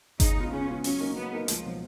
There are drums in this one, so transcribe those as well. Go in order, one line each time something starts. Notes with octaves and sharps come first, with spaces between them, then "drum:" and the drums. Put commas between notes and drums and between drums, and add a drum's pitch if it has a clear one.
C#3 D#4, drum: kick G1, hi-hat
G#3 B3 F4
C#3 C#4
G#3 B3 F4
F#3 C#4, drum: open hi-hat
A#3 D#4 A#4 D#5
F#3 B3
A#3 D#4 A#4 D#5
C#2 F3, drum: hi-hat
B2 F#3